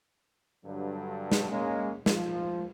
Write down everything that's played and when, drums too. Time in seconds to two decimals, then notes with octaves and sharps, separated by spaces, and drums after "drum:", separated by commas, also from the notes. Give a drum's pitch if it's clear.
0.66 G2 D3 F#3
1.32 drum: snare
1.50 G#3 A#3 C#4
2.06 F3, drum: snare